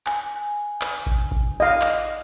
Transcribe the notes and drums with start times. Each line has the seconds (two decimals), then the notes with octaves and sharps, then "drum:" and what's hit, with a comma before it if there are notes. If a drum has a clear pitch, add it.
0.06 G#5, drum: clap
0.81 drum: clap
1.06 drum: kick A1
1.31 drum: kick A1
1.60 D#5 F5
1.81 drum: clap